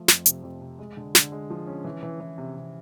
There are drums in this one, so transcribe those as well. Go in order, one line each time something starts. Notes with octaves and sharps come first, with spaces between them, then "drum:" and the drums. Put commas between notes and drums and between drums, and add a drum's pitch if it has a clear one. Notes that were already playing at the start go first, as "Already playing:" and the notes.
Already playing: F3 A3
F2, drum: snare
C3, drum: hi-hat
F2
C3
G#3
D3
D3, drum: snare
G#3
F3
C#4
E3
E3
E3
C3
C3